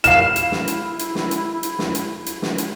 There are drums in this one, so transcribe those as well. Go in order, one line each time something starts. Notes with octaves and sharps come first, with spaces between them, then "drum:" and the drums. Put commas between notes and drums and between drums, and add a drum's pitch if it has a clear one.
E4 F5 F6 E7, drum: hi-hat
drum: hi-hat
drum: snare
drum: hi-hat
drum: hi-hat
drum: snare
drum: hi-hat
drum: hi-hat
drum: snare
drum: hi-hat
drum: hi-hat
drum: snare
drum: hi-hat